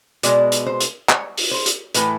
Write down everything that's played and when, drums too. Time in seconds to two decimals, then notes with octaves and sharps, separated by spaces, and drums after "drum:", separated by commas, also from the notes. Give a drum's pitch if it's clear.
0.23 B2 G#3 D5, drum: hi-hat
0.52 drum: hi-hat
0.66 C5
0.80 drum: hi-hat
1.09 C#5, drum: clap
1.38 drum: open hi-hat
1.51 C5
1.66 drum: hi-hat
1.95 A2 E3 A3 B4, drum: hi-hat